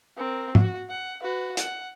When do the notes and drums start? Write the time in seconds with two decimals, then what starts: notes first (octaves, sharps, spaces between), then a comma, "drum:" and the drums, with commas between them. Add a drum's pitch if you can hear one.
0.17 C4 A#4
0.55 F#4, drum: tom
0.90 F#5
1.22 F#4 B4
1.57 F#5, drum: hi-hat